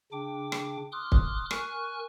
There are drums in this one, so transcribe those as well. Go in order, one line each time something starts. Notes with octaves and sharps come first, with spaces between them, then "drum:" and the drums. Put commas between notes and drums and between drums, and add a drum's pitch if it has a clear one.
C#3 D4 G5 D6
drum: rim click
C6 D6 D#6 F6 F#6
drum: kick
A#4 G#5 C#6 F6 F#6, drum: rim click